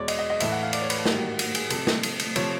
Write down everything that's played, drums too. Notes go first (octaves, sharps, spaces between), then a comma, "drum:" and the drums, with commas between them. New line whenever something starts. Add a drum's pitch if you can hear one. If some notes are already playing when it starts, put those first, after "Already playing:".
Already playing: E2 B2 G#3 C#5 D5
D#5, drum: cymbal
D#5
D#5
A2 E3 A3 E5, drum: cymbal
F#5
F5
D5, drum: cymbal
C#5
B4, drum: cymbal
A4
G#2 D#3 G3 A#3 G4, drum: snare
F#4
F#4, drum: cymbal
G#4, drum: cymbal
C3 F3 A3 A4, drum: cymbal
drum: snare
drum: cymbal
drum: cymbal
C3 F3 A3 C#5, drum: cymbal